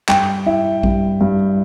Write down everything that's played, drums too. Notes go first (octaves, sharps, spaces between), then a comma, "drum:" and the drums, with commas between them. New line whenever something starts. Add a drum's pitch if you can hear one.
G2 G5, drum: clap
E4 E5
G2, drum: kick A#1
G2